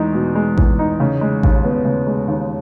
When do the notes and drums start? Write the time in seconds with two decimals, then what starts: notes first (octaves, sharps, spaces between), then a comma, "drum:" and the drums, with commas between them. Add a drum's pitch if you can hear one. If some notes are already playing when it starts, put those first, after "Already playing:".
Already playing: E2 G#3 D#4
0.14 B2
0.35 G#3
0.58 E2, drum: kick A1
0.79 D#4
1.00 C#3
1.21 G#3
1.43 D#2, drum: kick A1
1.64 B3
1.85 C#3
2.07 G#3
2.28 D#2